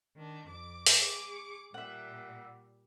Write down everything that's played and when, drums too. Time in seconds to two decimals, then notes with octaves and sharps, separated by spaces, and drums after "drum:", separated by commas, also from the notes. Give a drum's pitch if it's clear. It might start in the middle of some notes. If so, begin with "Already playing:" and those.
0.18 D#3 D4
0.48 F2 D6
0.86 drum: open hi-hat
0.99 G#4 C#6 D6
1.74 A#2 G3 E5 F#5